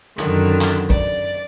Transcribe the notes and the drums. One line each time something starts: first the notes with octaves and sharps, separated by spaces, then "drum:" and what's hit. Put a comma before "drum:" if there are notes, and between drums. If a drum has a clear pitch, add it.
F#2 D3 D#3, drum: tom
drum: clap
D5, drum: kick